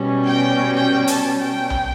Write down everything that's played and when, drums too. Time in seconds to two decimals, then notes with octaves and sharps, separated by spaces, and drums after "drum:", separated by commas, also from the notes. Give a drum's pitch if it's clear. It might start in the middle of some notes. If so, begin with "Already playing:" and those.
Already playing: B2 G3 C#4
0.29 G5
0.76 G5
1.07 A5, drum: hi-hat
1.38 G5
1.70 drum: tom B1